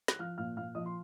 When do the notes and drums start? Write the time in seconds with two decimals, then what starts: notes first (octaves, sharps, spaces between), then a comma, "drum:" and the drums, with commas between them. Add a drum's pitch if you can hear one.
0.08 F#6, drum: snare
0.19 F3 F5 F6
0.38 A#2 F5 F6
0.57 A#2 F5 F6
0.75 F3 D#5 D#6
0.86 C6